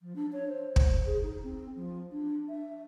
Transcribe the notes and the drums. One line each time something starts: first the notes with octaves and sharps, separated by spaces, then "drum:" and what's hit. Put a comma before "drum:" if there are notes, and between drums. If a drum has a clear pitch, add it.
F3
D4
C#5
C5
drum: kick
C5
G#4
D#4
C4
F3
D4
E5